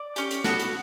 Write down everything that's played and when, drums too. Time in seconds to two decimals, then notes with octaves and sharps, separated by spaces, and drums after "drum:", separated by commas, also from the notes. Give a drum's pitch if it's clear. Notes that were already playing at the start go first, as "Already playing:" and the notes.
Already playing: D5
0.16 C#4 G4, drum: hi-hat
0.31 drum: hi-hat
0.44 B3 E4 F#4 A4 F#5, drum: snare
0.59 drum: hi-hat